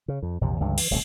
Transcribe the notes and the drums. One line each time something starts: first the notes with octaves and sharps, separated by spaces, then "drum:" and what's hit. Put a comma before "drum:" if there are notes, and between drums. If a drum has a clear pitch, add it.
C#3
F2
A#1 E2 C3
C#2 G2 D3 E3
E3, drum: cymbal
D#1 C2 A3